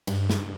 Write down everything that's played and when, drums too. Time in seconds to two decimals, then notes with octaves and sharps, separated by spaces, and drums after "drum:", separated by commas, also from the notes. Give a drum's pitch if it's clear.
0.07 G2, drum: cymbal
0.30 drum: snare